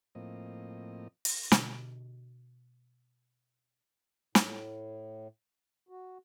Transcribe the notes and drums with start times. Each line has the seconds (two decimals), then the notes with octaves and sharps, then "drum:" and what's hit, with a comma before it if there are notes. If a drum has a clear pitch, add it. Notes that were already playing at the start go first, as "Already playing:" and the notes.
0.15 A2 F3 A#3 C4 D#5
1.25 drum: open hi-hat
1.52 B2 D3, drum: snare
4.35 A2, drum: snare
5.89 F#4